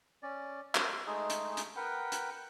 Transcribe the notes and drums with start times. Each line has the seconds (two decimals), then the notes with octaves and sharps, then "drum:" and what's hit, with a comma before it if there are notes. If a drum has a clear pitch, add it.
0.23 C#4 D5
0.75 C5, drum: clap
1.06 G#3 A3 D#4 G#4
1.30 drum: hi-hat
1.57 drum: hi-hat
1.76 A#4 B4 F#5 G5
2.12 drum: hi-hat